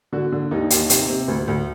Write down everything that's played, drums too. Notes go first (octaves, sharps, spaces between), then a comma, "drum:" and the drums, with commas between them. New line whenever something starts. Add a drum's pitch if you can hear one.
D3 F#4
D3
D#2 D#4
D#2, drum: hi-hat
C3, drum: hi-hat
C3
D2
D2